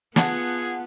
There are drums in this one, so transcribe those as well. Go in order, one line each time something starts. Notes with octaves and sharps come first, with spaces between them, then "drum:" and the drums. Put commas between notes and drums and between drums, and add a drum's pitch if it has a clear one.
B3 F4 G#4 F#5 A5, drum: snare